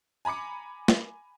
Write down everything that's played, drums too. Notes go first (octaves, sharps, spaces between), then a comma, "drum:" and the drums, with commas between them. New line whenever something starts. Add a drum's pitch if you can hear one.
G#5 A#5 B5 D6 C#7
drum: snare